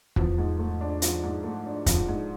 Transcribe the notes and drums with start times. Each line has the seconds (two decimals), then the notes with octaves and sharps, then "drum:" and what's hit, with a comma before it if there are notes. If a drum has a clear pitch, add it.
0.16 E2 F3, drum: kick
0.38 G#2
0.59 A3
0.81 D4
1.02 F3, drum: hi-hat
1.23 G#2
1.44 A3
1.66 D4
1.86 F2 F3, drum: kick, hi-hat
2.08 G#2